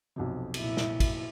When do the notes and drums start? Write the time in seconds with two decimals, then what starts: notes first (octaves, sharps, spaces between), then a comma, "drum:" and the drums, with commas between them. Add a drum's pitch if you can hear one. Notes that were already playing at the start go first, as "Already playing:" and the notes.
0.16 B1 F2 C3
0.54 A#2 E4, drum: cymbal
0.77 drum: snare
1.00 drum: kick, cymbal